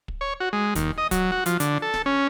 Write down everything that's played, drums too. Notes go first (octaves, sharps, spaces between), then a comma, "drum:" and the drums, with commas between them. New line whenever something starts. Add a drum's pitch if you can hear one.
drum: kick
C#5
F#4
G#3
D#2, drum: kick, hi-hat
D#5
F#3, drum: kick, hi-hat
F#4
F3, drum: hi-hat
D3, drum: hi-hat
A4
drum: snare D1
C#4